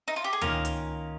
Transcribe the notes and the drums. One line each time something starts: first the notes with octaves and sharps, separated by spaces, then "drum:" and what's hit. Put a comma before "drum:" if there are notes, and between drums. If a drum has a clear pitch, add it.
D#4
F4
G4
G#4
D#3 A#3 C#4 F4 A#4, drum: tom D2
drum: hi-hat